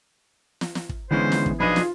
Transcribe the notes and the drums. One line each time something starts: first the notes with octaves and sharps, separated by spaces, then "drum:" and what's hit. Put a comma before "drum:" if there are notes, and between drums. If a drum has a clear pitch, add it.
drum: snare
drum: snare
drum: kick
D3 E3 G#3 B3 C#4 C5
drum: snare
drum: kick
B1 F3 D4 G#4 B4 D#5 B5
F4, drum: snare